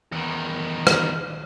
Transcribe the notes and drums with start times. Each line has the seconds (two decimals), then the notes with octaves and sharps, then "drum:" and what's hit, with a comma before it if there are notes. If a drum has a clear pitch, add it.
0.12 E2 D#3
0.87 drum: rim click